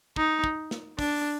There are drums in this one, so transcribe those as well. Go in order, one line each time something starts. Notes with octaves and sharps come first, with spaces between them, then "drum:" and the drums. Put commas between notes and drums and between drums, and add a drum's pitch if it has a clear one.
D#4, drum: kick
drum: kick
drum: snare
D4, drum: kick, open hi-hat